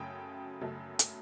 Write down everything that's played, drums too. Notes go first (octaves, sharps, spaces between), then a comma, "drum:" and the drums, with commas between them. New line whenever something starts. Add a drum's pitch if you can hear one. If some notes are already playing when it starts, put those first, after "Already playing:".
Already playing: F#2 C#3 F#3 A3 G5
F#2 C#3 F#3 A3
drum: hi-hat